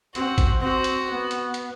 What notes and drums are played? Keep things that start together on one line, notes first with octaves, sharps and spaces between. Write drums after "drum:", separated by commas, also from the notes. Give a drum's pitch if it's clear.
C4 F#4, drum: hi-hat
drum: kick A1, hi-hat
C4 F#4
drum: hi-hat
B3
drum: hi-hat
drum: hi-hat